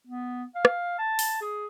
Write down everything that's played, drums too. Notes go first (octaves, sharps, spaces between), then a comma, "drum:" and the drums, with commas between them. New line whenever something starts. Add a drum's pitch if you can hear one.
B3
F5
drum: rim click
A5
drum: open hi-hat
G#4